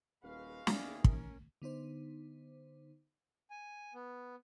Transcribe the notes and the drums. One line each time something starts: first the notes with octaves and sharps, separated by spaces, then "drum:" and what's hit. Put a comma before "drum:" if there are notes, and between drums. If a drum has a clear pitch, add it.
D#1 G#3 F#4 B4 F5
D#2 B3 E4 G#4 D5, drum: snare
C#4 A#4, drum: kick
D3 B3 D#4 C5
G#5
B3